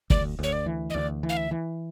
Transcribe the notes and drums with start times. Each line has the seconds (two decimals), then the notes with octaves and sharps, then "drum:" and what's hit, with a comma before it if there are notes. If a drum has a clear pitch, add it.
0.10 D2 D5, drum: kick
0.39 D2 C#5
0.53 D5
0.66 E3
0.90 D#5
0.94 D2 D5
1.23 E3
1.29 F5
1.37 E5
1.51 E3